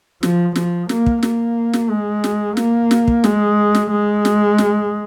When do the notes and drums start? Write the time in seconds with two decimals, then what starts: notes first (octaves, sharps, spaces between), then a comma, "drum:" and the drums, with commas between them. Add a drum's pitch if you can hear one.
0.23 F3, drum: snare
0.56 F3, drum: snare
0.89 A#3, drum: snare
1.06 drum: kick
1.23 A#3, drum: snare
1.73 drum: snare
1.90 G#3
2.24 drum: snare
2.57 A#3, drum: snare
2.91 drum: snare
3.08 drum: kick
3.24 G#3, drum: snare
3.75 drum: snare
3.91 G#3
4.25 drum: snare
4.58 drum: snare